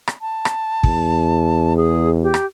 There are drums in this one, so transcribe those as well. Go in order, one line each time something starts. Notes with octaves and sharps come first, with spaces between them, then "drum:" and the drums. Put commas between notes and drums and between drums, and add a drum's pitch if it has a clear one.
drum: rim click
A5
drum: rim click
E2, drum: kick
G#4
G4
drum: rim click